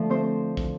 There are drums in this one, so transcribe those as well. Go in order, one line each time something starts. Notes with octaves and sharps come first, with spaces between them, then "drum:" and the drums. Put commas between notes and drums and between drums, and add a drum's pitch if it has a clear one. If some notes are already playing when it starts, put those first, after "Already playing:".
Already playing: D3 F3 A3
C4 C5
drum: kick